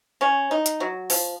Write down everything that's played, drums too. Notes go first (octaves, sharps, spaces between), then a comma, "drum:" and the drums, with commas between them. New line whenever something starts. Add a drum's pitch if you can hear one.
C#4
D#4
drum: hi-hat
F#3
F3, drum: open hi-hat